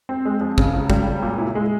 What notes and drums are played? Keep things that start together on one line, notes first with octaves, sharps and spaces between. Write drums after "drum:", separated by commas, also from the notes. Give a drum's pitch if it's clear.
C4
G#3
F2
C#3, drum: kick
C#2
G3, drum: kick
C#2
A#2
E4
G#3